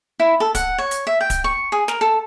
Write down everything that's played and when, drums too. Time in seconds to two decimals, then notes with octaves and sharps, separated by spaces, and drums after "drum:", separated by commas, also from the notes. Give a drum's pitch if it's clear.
0.20 E4
0.40 A4
0.55 F#5, drum: kick D1, hi-hat
0.78 C#5
0.91 drum: hi-hat
1.07 E5
1.21 G5
1.30 drum: kick D1, hi-hat
1.44 C#6
1.72 G#4
1.88 A#4, drum: snare
2.01 A4